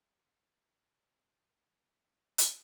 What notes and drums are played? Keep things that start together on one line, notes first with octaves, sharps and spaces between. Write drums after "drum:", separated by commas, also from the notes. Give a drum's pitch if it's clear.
G#2 D3 E3 G#3 A3
F#3 F4 G4 A#4 F5
drum: hi-hat